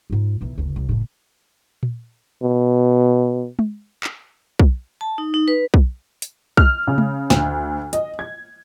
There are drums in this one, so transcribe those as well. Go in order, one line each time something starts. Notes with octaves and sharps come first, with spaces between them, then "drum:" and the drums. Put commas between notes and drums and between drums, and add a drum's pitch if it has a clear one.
G#2 F4
B1 E3
F#1 D2
C2
F#1 A2
drum: tom A#2
B2
drum: tom G#3
drum: clap
drum: kick
A5
D#4
D#4
B4
drum: kick
drum: hi-hat
F6, drum: kick
C#3
drum: tom G#3
D2, drum: snare
D#5, drum: hi-hat
G#6